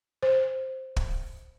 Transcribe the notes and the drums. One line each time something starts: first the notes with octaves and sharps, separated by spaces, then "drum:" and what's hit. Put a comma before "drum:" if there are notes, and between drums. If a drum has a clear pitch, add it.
C5
drum: kick